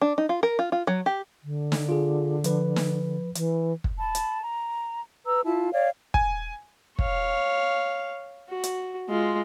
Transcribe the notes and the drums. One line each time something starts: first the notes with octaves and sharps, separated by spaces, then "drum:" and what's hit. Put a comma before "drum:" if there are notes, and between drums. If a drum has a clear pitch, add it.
D4
D#4
F4
A#4
F4
F4
F#3
G4
D3
drum: snare
F4 G#4
F3 B4, drum: hi-hat
drum: snare
E3, drum: hi-hat
drum: kick
A5 B5
drum: hi-hat
A#5
B4 A#5 E6
E4 F4 A5
C#5 D5 F5
G#5, drum: kick
C#5 F5, drum: kick
F#4
drum: hi-hat
G#3 F4